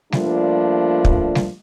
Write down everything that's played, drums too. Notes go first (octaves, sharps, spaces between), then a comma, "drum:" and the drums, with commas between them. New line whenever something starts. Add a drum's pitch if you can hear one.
F3 G3 A3 A#3 D4 F4, drum: snare G3
drum: kick
drum: snare G3